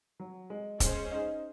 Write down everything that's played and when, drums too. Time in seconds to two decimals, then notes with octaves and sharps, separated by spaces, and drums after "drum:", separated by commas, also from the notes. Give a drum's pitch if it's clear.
0.20 F#3
0.50 G#3
0.80 G#3 C#4 G#4 C5, drum: kick, hi-hat
1.12 D#4